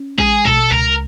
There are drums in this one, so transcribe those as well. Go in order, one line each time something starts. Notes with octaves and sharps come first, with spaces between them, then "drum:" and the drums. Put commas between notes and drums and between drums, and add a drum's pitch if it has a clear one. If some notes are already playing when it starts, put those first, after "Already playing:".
Already playing: C#4
G#3 G#4, drum: kick A1
B2 A4, drum: kick A1
C#2 A#4